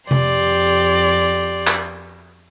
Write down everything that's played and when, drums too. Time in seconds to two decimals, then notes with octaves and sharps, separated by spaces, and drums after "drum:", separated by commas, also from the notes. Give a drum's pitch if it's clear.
0.11 F2 G4 D5 C6, drum: tom C3
1.67 drum: clap